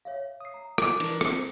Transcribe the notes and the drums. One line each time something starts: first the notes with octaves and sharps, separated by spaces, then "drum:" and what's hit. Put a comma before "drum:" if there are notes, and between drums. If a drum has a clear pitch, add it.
C#5 E5 F5
D#6 C7
A#5
E4 G#5 D6, drum: rim click
E3 D4 A#4, drum: cymbal
C4 C5, drum: rim click